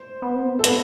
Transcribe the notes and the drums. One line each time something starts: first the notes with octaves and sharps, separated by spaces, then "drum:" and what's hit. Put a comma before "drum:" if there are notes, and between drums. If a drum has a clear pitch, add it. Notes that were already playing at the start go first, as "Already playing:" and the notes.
Already playing: C5
B3
C4
B3
A4
B3 B4, drum: hi-hat